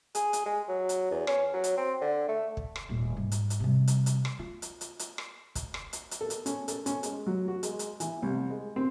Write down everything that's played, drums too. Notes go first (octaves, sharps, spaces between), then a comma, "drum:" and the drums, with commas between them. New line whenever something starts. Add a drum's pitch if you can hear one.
G#4, drum: hi-hat
drum: hi-hat
G#3
F#3
drum: hi-hat
E2
C#4, drum: rim click
F#3
drum: hi-hat
C4
D3
A3
drum: kick
drum: rim click
D#1 A#2
G#2 G3
drum: hi-hat
drum: hi-hat
C3 G3
drum: hi-hat
drum: hi-hat
drum: rim click
F4
drum: hi-hat
drum: hi-hat
drum: hi-hat
drum: rim click
drum: kick, hi-hat
drum: rim click
drum: hi-hat
drum: hi-hat
A4
drum: hi-hat
C#4, drum: hi-hat
A4, drum: hi-hat
C#4, drum: hi-hat
G#3, drum: hi-hat
F#3
F#4
G#3, drum: hi-hat
drum: hi-hat
E3, drum: hi-hat
C2
G#3
C4